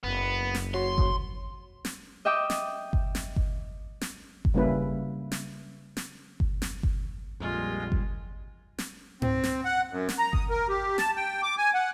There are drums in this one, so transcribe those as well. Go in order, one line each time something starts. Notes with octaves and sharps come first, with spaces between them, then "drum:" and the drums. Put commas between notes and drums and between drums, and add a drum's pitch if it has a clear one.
F#1 B3
drum: snare
F#4 C#5 C6
drum: kick G1
drum: snare
D#5 E5 G5 D6 D#6
drum: snare
drum: kick G1
drum: snare
drum: kick G1
drum: snare
drum: kick G1
C#3 G3 A#3 C#4 E4 B4
drum: snare
drum: snare
drum: kick G1
drum: snare
drum: kick G1
A#1 F2 A#2 G3 G#3 F4
drum: kick G1
drum: snare
C4, drum: tom G#2
drum: snare
F#5
F#2
drum: snare
A#5
D#6, drum: kick G1
A#4
G4
A5, drum: snare
G5
D6
G#5
F#5